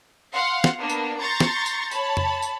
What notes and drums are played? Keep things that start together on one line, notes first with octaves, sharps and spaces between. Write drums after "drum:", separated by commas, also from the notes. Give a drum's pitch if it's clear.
F5 F#5 C6
drum: snare
A#3 B3 D4
drum: tambourine
A#5 C6 C#6 G6 A6
drum: snare
drum: tambourine
C#5 A5 B5, drum: tambourine
drum: tom F2
drum: tambourine